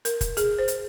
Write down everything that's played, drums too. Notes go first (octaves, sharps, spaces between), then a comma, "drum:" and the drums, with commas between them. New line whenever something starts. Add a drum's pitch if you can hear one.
A#4, drum: hi-hat
drum: kick F1, hi-hat
G#4, drum: hi-hat
C5
drum: hi-hat